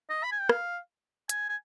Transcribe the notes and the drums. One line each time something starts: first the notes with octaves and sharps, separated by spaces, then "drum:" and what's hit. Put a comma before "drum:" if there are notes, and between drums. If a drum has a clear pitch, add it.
D#5
B5
G#5
G5
F5, drum: rim click
G#5, drum: hi-hat
G#5